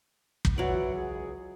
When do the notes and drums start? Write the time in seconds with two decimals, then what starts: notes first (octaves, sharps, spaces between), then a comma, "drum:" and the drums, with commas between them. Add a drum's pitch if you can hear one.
0.45 drum: kick
0.58 F#3 B4 D5 E5 F#5
0.95 C#2 G#4